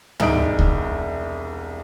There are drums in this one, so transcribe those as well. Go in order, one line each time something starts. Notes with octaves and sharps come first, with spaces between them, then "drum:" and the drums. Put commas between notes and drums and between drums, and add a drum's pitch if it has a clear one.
E1 C2 D#4 D#6 D7, drum: tom
drum: kick C#2